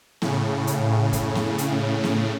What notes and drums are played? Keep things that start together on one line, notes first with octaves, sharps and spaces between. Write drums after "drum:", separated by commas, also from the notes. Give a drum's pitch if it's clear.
A2 C#3, drum: snare B3
drum: hi-hat
drum: kick F#2, hi-hat
drum: snare B3
drum: hi-hat
drum: snare B3